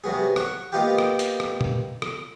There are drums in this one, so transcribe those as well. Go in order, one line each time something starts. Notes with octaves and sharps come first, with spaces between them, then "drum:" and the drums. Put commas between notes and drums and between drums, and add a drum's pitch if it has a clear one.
C3 F#3 B3 G#4
F#5 C#6, drum: rim click
A#3 B3 D#4 F4 G4 G5
drum: rim click
drum: hi-hat
drum: rim click
drum: tom
drum: rim click